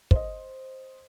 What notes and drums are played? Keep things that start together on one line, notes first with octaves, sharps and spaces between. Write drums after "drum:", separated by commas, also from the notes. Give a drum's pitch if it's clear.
C5 D#5, drum: kick